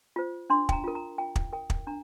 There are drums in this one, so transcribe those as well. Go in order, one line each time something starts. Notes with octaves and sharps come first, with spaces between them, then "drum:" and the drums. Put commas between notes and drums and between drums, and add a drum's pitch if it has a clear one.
F4 C5
D4 C6
G5, drum: kick
A#5
F4 A#4
A#5
F4 G5
drum: kick
A#4 G5
drum: kick
D4 A#5